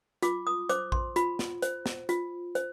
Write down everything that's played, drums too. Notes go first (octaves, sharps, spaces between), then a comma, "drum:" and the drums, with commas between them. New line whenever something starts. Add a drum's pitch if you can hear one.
F4 D6, drum: hi-hat
D#6
C5 D6, drum: hi-hat
C6, drum: kick A#1
F4 B5, drum: hi-hat
drum: snare
C5, drum: hi-hat
drum: snare
F4, drum: hi-hat
C5, drum: hi-hat